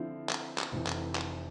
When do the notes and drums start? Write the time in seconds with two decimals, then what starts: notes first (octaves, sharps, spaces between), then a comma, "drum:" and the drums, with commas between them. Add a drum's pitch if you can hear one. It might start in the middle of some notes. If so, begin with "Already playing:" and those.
Already playing: D3 F3 C4 E4
0.29 drum: clap
0.58 drum: clap
0.72 F1 F2 E3
0.87 drum: clap
1.15 drum: clap